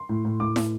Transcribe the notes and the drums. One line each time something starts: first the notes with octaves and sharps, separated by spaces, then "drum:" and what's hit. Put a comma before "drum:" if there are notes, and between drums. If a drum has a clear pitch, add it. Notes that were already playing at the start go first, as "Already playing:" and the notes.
Already playing: C6
A2
A2
A2 D6
A2, drum: snare